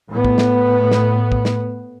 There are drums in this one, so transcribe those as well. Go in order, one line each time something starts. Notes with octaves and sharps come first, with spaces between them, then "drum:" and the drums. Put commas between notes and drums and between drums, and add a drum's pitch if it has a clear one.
A2 B3
drum: kick
drum: snare
drum: snare
drum: kick
drum: snare